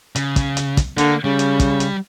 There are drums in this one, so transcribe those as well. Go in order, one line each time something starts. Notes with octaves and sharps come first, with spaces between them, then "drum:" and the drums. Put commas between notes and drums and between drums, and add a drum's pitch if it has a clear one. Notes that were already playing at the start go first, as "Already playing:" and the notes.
C#3, drum: hi-hat
drum: kick, hi-hat
drum: hi-hat
drum: kick, hi-hat
D3 A#3, drum: hi-hat
C#3 G3
drum: hi-hat
drum: kick, hi-hat
drum: hi-hat